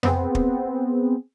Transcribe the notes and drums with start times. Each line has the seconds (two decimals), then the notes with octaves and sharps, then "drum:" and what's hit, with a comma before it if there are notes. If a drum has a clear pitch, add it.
0.03 B3 C4 G#4, drum: tom F2
0.35 drum: kick